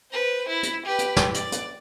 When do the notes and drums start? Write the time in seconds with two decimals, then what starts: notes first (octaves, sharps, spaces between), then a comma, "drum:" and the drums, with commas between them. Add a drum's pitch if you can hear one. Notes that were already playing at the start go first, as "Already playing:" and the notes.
0.11 B4 C5
0.48 E4
0.63 drum: hi-hat
0.85 G4 B4
0.99 drum: hi-hat
1.16 drum: snare
1.34 D5, drum: hi-hat
1.52 drum: hi-hat